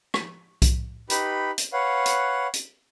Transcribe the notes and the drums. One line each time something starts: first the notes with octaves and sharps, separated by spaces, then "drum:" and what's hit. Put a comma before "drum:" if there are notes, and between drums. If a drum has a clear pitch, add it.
drum: rim click
drum: kick B1, hi-hat
D#4 G4 B4 B5, drum: hi-hat
drum: hi-hat
B4 C#5 F5 F#5
drum: hi-hat
drum: hi-hat